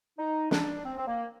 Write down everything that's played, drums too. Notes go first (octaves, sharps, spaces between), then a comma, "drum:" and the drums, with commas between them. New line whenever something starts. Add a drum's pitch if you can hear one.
D#4
D4, drum: snare
C4
C4
A#3